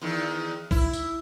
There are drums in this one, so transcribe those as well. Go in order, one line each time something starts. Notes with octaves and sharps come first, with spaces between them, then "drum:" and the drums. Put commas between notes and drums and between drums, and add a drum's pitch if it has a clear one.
E2 D#3
E4, drum: kick A#1
drum: tambourine